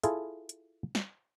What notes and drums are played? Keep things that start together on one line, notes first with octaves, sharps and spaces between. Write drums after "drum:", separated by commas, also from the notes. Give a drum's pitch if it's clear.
E4 F4 G#4 A4, drum: hi-hat
drum: hi-hat
drum: snare